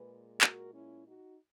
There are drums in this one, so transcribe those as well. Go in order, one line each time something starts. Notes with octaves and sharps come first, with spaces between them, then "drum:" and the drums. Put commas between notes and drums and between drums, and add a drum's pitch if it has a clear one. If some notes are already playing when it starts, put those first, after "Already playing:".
Already playing: A#2 G#3 G#4 B4
F#4 A#4, drum: clap
C#4 E4
D#4 F#4